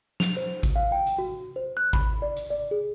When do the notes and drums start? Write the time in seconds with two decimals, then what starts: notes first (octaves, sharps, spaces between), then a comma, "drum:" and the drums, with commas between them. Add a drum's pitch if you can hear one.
0.20 F7, drum: snare
0.37 C5
0.63 drum: kick G#1, hi-hat
0.76 F5
0.92 G5
1.07 drum: hi-hat
1.18 F#4
1.56 C5
1.77 F#6
1.93 B5, drum: kick G#1
2.22 D5
2.37 drum: hi-hat
2.50 D5
2.71 G#4